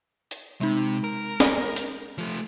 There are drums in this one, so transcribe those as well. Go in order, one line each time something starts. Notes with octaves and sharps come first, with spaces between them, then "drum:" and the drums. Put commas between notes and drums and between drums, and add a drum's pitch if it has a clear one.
drum: hi-hat
C3 G#3 D#4
A#4
drum: snare
drum: hi-hat
F3 A3